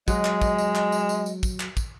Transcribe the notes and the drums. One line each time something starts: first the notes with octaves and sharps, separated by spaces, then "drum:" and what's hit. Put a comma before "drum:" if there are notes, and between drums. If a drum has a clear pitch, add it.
F#3 G#3 D#5, drum: kick, tambourine
drum: clap
drum: kick, tambourine
drum: tambourine
drum: clap
drum: tambourine
drum: tambourine
drum: tambourine
drum: kick, tambourine
drum: clap
drum: kick, tambourine